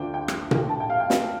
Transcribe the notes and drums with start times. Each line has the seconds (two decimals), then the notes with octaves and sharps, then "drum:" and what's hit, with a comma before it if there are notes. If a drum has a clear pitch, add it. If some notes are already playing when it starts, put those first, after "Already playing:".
Already playing: D2 D3 A3 D4 F4 G5
0.14 G5
0.28 drum: rim click
0.51 drum: tom A#2
0.69 A5
0.80 G5
0.90 F5
1.00 G5
1.10 drum: snare